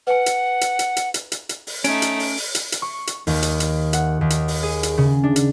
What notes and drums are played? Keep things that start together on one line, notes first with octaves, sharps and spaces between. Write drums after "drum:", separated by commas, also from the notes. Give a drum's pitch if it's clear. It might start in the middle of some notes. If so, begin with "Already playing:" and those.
B4 F#5 G#5
drum: hi-hat
drum: hi-hat
drum: hi-hat
drum: hi-hat
drum: hi-hat
drum: hi-hat
drum: hi-hat
drum: open hi-hat
A3 C#4 D#4 D7, drum: hi-hat
drum: hi-hat
drum: open hi-hat
drum: open hi-hat
drum: hi-hat
drum: hi-hat
C#6
drum: hi-hat
D#2, drum: open hi-hat
drum: hi-hat
drum: hi-hat
F#5, drum: hi-hat
D#2
drum: hi-hat
drum: open hi-hat
G#4
drum: hi-hat
C#3
D4
drum: hi-hat